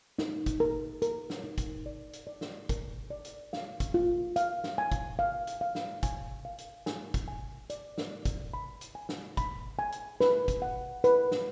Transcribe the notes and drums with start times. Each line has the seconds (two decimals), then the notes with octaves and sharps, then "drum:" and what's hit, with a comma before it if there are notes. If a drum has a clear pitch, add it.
0.19 D#4, drum: snare
0.46 drum: kick, hi-hat
0.60 A#4
1.02 A#4, drum: hi-hat
1.30 drum: snare
1.44 D#4
1.58 drum: kick, hi-hat
1.86 D5
2.13 drum: hi-hat
2.27 D5
2.41 drum: snare
2.69 A#4, drum: kick, hi-hat
3.10 D5
3.25 drum: hi-hat
3.53 F5, drum: snare
3.80 drum: kick, hi-hat
3.94 F4
4.36 F5, drum: hi-hat
4.64 drum: snare
4.78 G#5
4.92 drum: kick, hi-hat
5.19 F5
5.47 drum: hi-hat
5.61 F5
5.75 drum: snare
6.03 G#5, drum: kick, hi-hat
6.45 F5
6.59 drum: hi-hat
6.86 G#5, drum: snare
7.14 drum: kick, hi-hat
7.28 G#5
7.70 D5, drum: hi-hat
7.98 drum: snare
8.11 D5
8.25 drum: kick, hi-hat
8.54 B5
8.81 drum: hi-hat
8.95 G#5
9.09 drum: snare
9.37 B5, drum: kick, hi-hat
9.79 G#5
9.92 drum: hi-hat
10.21 B4, drum: snare
10.48 drum: kick, hi-hat
10.62 F#5
11.04 B4, drum: hi-hat
11.32 drum: snare